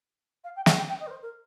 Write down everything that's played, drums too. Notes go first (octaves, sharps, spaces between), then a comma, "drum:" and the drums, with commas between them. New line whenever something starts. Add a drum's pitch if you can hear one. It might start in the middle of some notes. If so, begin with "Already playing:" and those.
F5
G5
G#5, drum: snare
G5
G5
D#5
A#4
C5
A#4